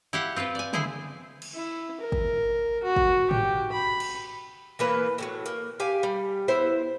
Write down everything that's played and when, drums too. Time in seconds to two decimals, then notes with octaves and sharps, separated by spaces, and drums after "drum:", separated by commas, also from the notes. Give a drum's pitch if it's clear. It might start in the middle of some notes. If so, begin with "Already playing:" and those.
0.13 E4 G4 F5 F#5
0.36 C4 F4 G4 B4
0.55 D5 G#5
0.73 D3 E4 G#4 C5 G#5, drum: tom C#3
1.42 drum: cymbal
1.54 E4
2.01 A#4
2.12 drum: kick
2.84 F#4
2.96 drum: kick
3.31 G4, drum: tom G#2
3.72 B5
4.00 drum: cymbal
4.79 E3 A#3 B4
5.18 A2 E3 F#3
5.46 A#3, drum: hi-hat
5.80 G4 F5 G#5
6.03 G3
6.48 B3 E4 C5